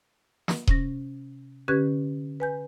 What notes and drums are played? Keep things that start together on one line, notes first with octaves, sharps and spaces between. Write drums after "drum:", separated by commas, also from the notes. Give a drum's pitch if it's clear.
drum: snare
C3 C#4 A#6, drum: kick D#1
D3 C#4 G4 B4 F#6 G#6
B4 G#5 G6